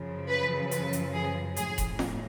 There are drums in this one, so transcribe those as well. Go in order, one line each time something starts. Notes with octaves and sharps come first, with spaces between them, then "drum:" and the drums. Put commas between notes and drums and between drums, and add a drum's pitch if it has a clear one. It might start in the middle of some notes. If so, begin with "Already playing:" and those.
Already playing: F#2 C#3 F3
B4
B4, drum: hi-hat
drum: hi-hat
G#4
A2 F3 G#4, drum: hi-hat
drum: kick E1, hi-hat
drum: snare F4